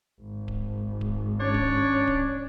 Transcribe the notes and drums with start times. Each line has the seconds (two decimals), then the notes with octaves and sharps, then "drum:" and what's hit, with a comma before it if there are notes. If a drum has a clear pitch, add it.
0.21 G#1
0.48 drum: kick D1
1.01 drum: kick D1
1.40 C#4 D4 C#5
1.54 drum: kick D1
2.07 drum: kick D1